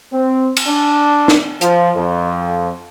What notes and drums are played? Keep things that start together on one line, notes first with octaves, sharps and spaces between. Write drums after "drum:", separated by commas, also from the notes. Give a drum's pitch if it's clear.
C4
drum: cymbal
D4
drum: snare
F3, drum: hi-hat
F2